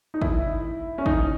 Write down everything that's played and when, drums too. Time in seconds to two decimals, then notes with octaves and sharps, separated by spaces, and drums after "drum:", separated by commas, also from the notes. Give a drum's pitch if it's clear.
0.14 D#4
0.22 E4, drum: kick
0.98 C#4
1.06 D#4, drum: kick